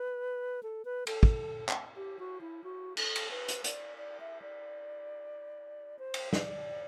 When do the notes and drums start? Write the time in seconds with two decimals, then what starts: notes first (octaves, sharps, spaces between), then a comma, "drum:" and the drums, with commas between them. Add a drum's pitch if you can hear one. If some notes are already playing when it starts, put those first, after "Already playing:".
Already playing: B4
0.63 A4
0.85 B4
1.07 A4, drum: cymbal
1.23 drum: kick
1.69 drum: clap
1.96 G4
2.19 F#4
2.41 E4
2.64 F#4
2.97 A4, drum: cymbal
3.16 drum: cymbal
3.31 B4
3.48 drum: hi-hat
3.64 D5, drum: hi-hat
3.98 D5
4.20 E5
4.42 D5
5.99 C5
6.14 drum: cymbal
6.33 D5, drum: snare